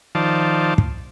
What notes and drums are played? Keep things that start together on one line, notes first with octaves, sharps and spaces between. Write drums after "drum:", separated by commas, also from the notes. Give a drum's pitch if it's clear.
D#3 F3 C5 D5 A5
drum: kick